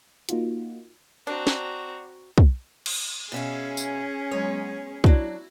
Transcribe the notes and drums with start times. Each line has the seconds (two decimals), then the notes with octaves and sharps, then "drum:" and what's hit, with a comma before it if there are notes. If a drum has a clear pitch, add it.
0.29 A#3 D#4 F4 F#4, drum: hi-hat
1.27 C4 D4 F#4 A#5
1.47 drum: snare
2.38 drum: kick
2.86 drum: cymbal
3.32 B2 C#4 G#4 E5 F5
3.77 drum: tambourine
4.31 F#3 G#3 B3 C#5
5.04 F#3 D4 E4 F#4, drum: kick